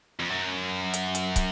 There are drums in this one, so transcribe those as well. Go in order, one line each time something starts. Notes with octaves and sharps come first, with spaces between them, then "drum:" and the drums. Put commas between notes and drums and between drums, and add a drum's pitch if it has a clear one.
F2
F#2
drum: hi-hat
drum: hi-hat
drum: kick, hi-hat